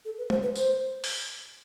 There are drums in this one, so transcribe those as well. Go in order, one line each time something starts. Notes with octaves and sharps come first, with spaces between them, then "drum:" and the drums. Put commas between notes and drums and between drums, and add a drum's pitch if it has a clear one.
A4
B4
C5, drum: tom
B4
C5, drum: tambourine
drum: open hi-hat